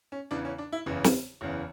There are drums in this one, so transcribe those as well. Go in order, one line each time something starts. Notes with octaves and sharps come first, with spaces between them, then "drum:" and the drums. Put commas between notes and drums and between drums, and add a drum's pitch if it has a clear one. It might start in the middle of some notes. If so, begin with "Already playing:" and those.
C#4
E2 C#3 E3 D4
C#4
D4
E4
F#1 E2 C#3 E3
drum: snare
F#1 E2 C#3 E3